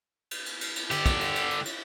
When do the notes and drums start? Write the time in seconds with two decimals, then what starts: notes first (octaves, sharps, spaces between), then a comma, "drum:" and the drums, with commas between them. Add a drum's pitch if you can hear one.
0.31 drum: cymbal
0.46 drum: cymbal
0.61 drum: cymbal
0.76 drum: cymbal
0.91 D3 G4, drum: cymbal
1.06 drum: kick, cymbal
1.21 drum: cymbal
1.36 drum: cymbal
1.50 drum: cymbal
1.65 drum: cymbal